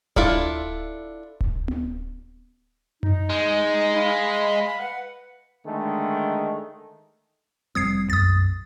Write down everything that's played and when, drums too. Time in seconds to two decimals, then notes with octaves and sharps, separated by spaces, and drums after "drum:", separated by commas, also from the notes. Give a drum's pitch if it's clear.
0.16 D4 E4 F4 A4 D5, drum: kick D1
1.41 drum: kick D1
1.68 drum: tom B3
3.03 D#4, drum: tom F#2
3.30 G#3
3.96 F5 B5
4.80 B4 F#5
5.65 D3 D#3 G#3 A3
7.75 F1 G3 C4 D#6 G#6 C7
8.10 B1 F#2 D#6 A6